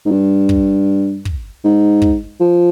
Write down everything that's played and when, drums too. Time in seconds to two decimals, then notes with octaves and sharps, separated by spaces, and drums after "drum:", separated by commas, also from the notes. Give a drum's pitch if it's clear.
0.05 G#2
0.11 G2
0.49 drum: kick
1.25 drum: kick
1.64 G#2
2.02 drum: kick
2.40 F3